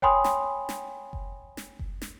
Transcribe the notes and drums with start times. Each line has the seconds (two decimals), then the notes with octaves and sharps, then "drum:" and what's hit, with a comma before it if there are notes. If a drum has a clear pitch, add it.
0.02 C#5 G5 G#5 B5 C6 D#6, drum: kick F#1
0.24 drum: snare
0.69 drum: snare
1.13 drum: kick F#1
1.57 drum: snare
1.79 drum: kick F#1
2.02 drum: snare